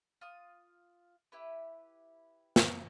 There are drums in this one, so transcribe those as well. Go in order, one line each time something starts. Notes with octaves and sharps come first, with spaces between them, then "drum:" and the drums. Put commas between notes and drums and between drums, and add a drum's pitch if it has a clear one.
F4 D#6
E4 G4 B4
drum: snare